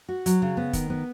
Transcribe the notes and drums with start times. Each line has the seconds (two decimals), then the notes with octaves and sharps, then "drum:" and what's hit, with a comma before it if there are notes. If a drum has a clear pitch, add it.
0.09 F#4
0.26 F#3, drum: hi-hat
0.42 C#3
0.57 B3
0.73 D#3, drum: kick, hi-hat
0.90 B3